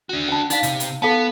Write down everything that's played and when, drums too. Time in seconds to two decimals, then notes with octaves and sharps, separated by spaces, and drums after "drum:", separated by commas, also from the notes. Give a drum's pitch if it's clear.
0.09 D4 F#4
0.28 C#4 A5
0.50 D4 D#4 D5 F5, drum: hi-hat
0.63 C3, drum: hi-hat
0.80 drum: hi-hat
1.02 B3 A4 F5 A5